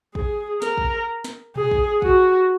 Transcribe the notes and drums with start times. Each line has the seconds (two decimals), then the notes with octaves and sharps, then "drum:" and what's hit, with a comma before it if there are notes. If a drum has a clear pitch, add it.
0.15 G#4, drum: kick
0.62 A#4, drum: snare
0.78 drum: kick
1.24 drum: snare
1.56 G#4, drum: tom A#2
1.71 drum: kick
2.02 F#4, drum: kick